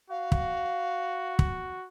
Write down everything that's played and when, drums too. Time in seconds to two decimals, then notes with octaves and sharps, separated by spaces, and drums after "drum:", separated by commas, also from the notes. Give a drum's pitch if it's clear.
0.10 F#4 F5
0.32 drum: kick
1.39 drum: kick